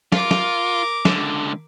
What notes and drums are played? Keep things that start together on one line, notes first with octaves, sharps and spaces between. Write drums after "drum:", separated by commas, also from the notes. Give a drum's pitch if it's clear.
F4 A#4 D6, drum: snare
drum: snare
C#2 D3, drum: snare